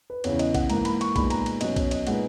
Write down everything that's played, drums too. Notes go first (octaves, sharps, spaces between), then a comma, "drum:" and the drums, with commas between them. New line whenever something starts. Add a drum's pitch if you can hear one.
B4
E2 C#3 E3 C#5, drum: cymbal
D#5, drum: cymbal
F#5, drum: kick B1, cymbal
G#2 E3 A#3 A#5, drum: cymbal
B5, drum: cymbal
C#6, drum: cymbal
A#2 G#3 B3 D#4 B5, drum: kick B1, cymbal
A#5, drum: cymbal
drum: cymbal
B2 F#3 C#4 D#5, drum: cymbal
C#5, drum: kick B1, cymbal
D#5, drum: cymbal
A#2 G#3 B3 D#4 F#5, drum: cymbal